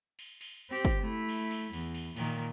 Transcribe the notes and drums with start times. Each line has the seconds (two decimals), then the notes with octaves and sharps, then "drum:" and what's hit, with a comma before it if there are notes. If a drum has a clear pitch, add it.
0.19 drum: cymbal
0.41 drum: cymbal
0.70 C4 G4
0.85 drum: kick G1
1.01 A3 E4
1.29 drum: cymbal
1.51 drum: cymbal
1.73 E2, drum: cymbal
1.95 drum: cymbal
2.16 A#2 D#3, drum: cymbal